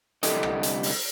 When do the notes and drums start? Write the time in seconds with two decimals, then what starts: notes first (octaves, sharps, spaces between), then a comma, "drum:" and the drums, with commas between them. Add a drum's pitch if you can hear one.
0.23 C2 D3 E4 G4 A4 D#5, drum: hi-hat
0.43 drum: rim click
0.63 drum: hi-hat
0.83 drum: open hi-hat